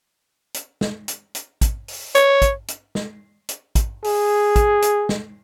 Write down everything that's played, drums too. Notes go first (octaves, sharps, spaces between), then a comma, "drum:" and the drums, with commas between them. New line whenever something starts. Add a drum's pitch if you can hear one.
drum: hi-hat
drum: snare
drum: hi-hat
drum: hi-hat
drum: kick, hi-hat
drum: open hi-hat
C#5, drum: hi-hat
drum: kick, hi-hat
drum: hi-hat
drum: snare
drum: hi-hat
drum: kick, hi-hat
G#4, drum: open hi-hat
drum: kick, hi-hat
drum: hi-hat
drum: snare